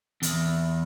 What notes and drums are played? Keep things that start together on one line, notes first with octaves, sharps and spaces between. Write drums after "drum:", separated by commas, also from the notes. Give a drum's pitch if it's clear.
E2, drum: hi-hat